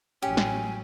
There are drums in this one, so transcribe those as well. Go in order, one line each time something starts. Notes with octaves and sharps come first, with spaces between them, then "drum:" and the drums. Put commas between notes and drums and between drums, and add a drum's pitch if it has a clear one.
A1 F#3 C#4 G4 G#5
drum: snare